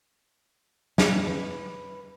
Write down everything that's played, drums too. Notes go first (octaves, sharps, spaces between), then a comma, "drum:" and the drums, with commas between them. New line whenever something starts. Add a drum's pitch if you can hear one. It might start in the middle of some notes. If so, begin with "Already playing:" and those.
C#4, drum: snare
B4